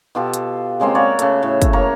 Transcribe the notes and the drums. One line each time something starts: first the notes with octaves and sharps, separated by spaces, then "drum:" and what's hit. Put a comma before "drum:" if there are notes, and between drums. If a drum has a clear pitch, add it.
B2 F4 G4 A4
drum: hi-hat
C#3 G#3 A#3 C4
F#4 A#4 C#5 D5
C#3 A3, drum: hi-hat
A2 E5
drum: kick, hi-hat
A#3 A#4 C#5 A#5